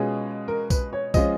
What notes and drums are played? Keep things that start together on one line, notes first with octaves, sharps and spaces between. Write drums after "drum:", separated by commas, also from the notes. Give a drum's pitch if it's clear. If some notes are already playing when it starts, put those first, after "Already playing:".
Already playing: B2 G#3 C#4 F4 G#4
A#4
B4, drum: kick B1, tambourine
C#5
F3 G#3 C#4 F4 D#5, drum: kick B1, tambourine